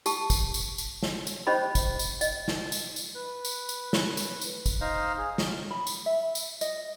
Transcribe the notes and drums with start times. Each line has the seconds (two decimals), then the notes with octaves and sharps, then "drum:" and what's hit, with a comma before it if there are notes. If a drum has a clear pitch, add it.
0.06 G4 A5 C#6, drum: tambourine
0.30 drum: kick, tambourine
0.54 drum: tambourine
0.78 drum: tambourine
1.03 drum: snare
1.27 drum: tambourine
1.47 C#4 G4 C5 D#5 B5
1.75 drum: kick, tambourine
1.99 drum: tambourine
2.21 D#5, drum: tambourine
2.48 drum: snare
2.72 drum: tambourine
2.96 drum: tambourine
3.15 B4
3.45 drum: tambourine
3.69 drum: tambourine
3.93 drum: snare
4.17 drum: tambourine
4.41 drum: tambourine
4.66 drum: kick, tambourine
4.81 D#4 C5 D#5 F5
5.18 G#4
5.38 drum: snare
5.71 B5
5.87 drum: tambourine
6.06 E5
6.35 drum: tambourine
6.61 D#5, drum: tambourine